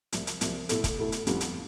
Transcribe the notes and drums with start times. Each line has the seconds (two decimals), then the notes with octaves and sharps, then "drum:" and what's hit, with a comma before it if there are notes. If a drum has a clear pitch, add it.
0.12 C2 C3 F3, drum: hi-hat
0.27 drum: hi-hat
0.41 C2 C3 F3, drum: hi-hat
0.69 B2 A3 E4 A4, drum: hi-hat
0.84 drum: kick, hi-hat
0.98 B2 A3 E4 A4
1.12 drum: hi-hat
1.27 F2 D3 G3 B3 F4, drum: hi-hat
1.41 drum: hi-hat